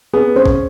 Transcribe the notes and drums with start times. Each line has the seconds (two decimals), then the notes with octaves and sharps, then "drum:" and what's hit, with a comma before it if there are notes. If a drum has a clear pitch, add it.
0.13 B3 G#4
0.36 C#4 C5
0.46 drum: kick